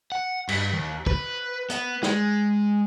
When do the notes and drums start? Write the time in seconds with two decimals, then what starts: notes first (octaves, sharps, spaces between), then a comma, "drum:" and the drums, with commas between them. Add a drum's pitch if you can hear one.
0.12 F#5
0.49 G2, drum: cymbal
0.73 D#2
1.06 B4, drum: kick
1.70 B3, drum: hi-hat
2.03 G#3, drum: snare